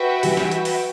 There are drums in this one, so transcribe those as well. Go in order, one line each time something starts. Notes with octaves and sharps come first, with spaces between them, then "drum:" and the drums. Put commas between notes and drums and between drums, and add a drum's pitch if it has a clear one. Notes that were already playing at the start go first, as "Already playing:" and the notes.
Already playing: F#4 B4 E5 G5
E3 G3, drum: open hi-hat
drum: snare
F#3, drum: hi-hat
drum: open hi-hat